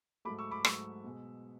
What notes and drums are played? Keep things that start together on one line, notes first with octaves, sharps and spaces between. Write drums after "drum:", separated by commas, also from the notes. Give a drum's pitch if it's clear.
G#2 F#3 A3 B5 D6
C#6 E6
B5 D6
G#2 F#3 A3 C#6 E6, drum: rim click
B2 G#3